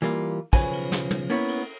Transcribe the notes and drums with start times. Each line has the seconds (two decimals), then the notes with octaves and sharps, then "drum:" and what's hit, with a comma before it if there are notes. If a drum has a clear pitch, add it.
0.02 E3 G3 A#3 F4
0.53 B1 C#3 F3 B4 G#5, drum: kick, cymbal
0.73 drum: cymbal
0.92 drum: snare
1.11 drum: tom
1.30 A#3 B3 C#4 E4, drum: cymbal
1.49 drum: cymbal